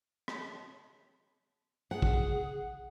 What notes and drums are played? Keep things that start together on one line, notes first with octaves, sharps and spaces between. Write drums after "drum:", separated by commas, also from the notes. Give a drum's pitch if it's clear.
drum: rim click
G#4 F#5
drum: kick A#1